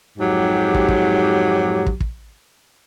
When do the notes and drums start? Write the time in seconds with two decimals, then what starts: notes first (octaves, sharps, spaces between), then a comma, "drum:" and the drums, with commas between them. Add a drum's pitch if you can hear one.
0.18 F2 G#2 F#3 G4
0.74 drum: kick
0.88 drum: kick
1.86 drum: kick
2.00 drum: kick